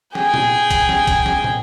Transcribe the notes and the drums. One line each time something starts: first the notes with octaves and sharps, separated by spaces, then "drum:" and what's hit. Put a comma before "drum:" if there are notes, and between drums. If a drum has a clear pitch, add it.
G#4 G5, drum: snare
drum: tom A#2
drum: kick, hi-hat
drum: snare
drum: kick, hi-hat
drum: snare
drum: tom